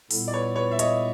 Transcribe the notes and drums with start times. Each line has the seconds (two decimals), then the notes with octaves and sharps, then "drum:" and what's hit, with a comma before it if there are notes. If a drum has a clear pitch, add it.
0.11 A#2 G3 B3 E4 A4, drum: open hi-hat
0.28 D5
0.33 B4 C#5
0.56 B4 C#5
0.71 E5
0.79 C#5 D#5, drum: hi-hat